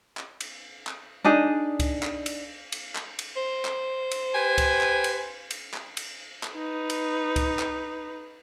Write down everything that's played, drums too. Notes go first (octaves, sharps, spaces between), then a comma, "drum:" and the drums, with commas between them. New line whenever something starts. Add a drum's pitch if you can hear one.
drum: clap
drum: cymbal
drum: clap
D4 D#4 G#4
drum: kick C2, cymbal
drum: clap
drum: cymbal
drum: cymbal
drum: clap
drum: cymbal
C5
drum: clap
drum: cymbal
G4 B4 G#5
drum: kick C2, cymbal
drum: clap
drum: cymbal
drum: cymbal
drum: clap
drum: cymbal
drum: clap
D#4 B4
drum: cymbal
drum: kick C2, cymbal
drum: clap